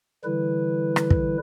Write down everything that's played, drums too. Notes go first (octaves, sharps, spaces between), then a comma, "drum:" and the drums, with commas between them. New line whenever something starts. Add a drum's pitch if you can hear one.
D3 E3 G3 E4 B4
drum: rim click
drum: kick